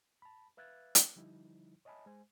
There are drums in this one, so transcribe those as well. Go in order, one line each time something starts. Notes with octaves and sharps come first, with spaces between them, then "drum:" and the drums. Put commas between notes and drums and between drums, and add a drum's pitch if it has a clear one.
A5 B5
B4 E5 F5 F#6 G#6 A6
drum: hi-hat
D3 F3 G3 D#4 E4
C#5 D#5 E5 G#5 A5 B5
G#3 C5 G#5